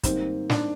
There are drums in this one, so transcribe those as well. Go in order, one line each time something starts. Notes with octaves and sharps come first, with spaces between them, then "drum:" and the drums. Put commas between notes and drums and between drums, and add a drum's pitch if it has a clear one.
G#2 D#3 G3 A#3 C4, drum: kick, hi-hat
D4, drum: snare